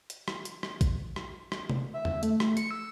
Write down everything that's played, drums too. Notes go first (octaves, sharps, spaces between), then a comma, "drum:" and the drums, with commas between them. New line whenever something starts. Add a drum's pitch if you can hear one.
drum: hi-hat
drum: rim click
drum: hi-hat
drum: rim click
drum: kick A#1, hi-hat
drum: rim click
drum: rim click
drum: tom C3
E5
drum: tom E2
A3, drum: hi-hat
A3, drum: rim click
C#7, drum: hi-hat
E6